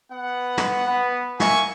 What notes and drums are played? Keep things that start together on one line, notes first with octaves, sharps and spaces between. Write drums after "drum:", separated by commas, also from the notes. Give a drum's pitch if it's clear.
B3 F#5
drum: snare
B3
A#3 E5 G#5 C#6, drum: snare